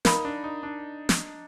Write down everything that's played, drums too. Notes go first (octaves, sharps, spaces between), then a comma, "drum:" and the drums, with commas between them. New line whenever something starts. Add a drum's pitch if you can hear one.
D#4 A#4 F5 B5, drum: snare
D4
D#4
D4
drum: snare